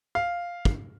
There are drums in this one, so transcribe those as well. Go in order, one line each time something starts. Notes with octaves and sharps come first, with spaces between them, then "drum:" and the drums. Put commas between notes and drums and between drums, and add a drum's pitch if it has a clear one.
F5
drum: kick